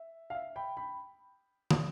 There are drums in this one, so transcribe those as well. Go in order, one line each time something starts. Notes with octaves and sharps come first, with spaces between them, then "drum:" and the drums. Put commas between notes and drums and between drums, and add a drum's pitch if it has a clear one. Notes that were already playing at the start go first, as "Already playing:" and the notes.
Already playing: E5
F5
E5
G5 B5
G5 B5
drum: tom